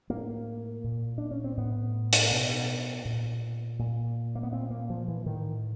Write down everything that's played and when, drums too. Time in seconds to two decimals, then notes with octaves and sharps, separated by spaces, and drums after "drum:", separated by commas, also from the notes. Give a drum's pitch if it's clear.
0.10 A2 A#3
0.84 A#2
1.18 D4
1.31 C#4
1.44 C4
1.57 A2 B3
2.13 drum: hi-hat
2.31 B2
3.05 A#2
3.79 A#2
4.35 A#3
4.43 B3
4.52 A#2 C4
4.70 A#3
4.90 F3
5.08 E3
5.26 A2 D#3